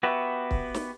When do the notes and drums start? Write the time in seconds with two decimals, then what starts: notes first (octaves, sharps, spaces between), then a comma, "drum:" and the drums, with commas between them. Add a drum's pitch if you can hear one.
0.03 B3 F#4 G4 B4 E5
0.51 drum: kick
0.74 drum: snare